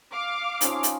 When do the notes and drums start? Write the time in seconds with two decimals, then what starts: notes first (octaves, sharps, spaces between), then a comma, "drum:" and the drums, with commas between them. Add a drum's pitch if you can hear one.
0.13 F5 D6
0.61 F3 C#4 D#4, drum: hi-hat
0.83 drum: hi-hat